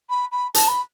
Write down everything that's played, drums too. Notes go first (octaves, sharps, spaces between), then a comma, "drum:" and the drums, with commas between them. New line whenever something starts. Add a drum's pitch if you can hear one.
B5
B5
A5, drum: hi-hat
B5